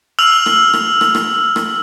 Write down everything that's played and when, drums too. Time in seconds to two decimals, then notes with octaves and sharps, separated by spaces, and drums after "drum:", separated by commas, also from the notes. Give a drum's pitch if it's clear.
0.19 E6 F6 F7 F#7
0.46 drum: rim click
0.73 drum: rim click
1.01 drum: rim click
1.15 drum: rim click
1.56 drum: rim click